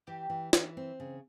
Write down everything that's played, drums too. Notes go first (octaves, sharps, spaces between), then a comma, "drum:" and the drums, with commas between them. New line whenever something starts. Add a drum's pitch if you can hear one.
E3 G4
E3
E3, drum: snare
C4
C#3